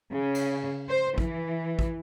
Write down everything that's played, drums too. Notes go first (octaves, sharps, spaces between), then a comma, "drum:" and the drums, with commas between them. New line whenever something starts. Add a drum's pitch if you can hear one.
C#3
drum: cymbal
C5
E3, drum: kick
drum: kick